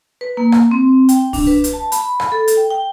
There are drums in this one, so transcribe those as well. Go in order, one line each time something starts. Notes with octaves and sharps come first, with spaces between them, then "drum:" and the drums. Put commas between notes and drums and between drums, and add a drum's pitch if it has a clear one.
B4
A#3
drum: rim click
C4
G5, drum: hi-hat
D4, drum: kick C2, open hi-hat
B4
drum: hi-hat
A5
B5, drum: hi-hat
drum: rim click
A4
drum: hi-hat
G5
G5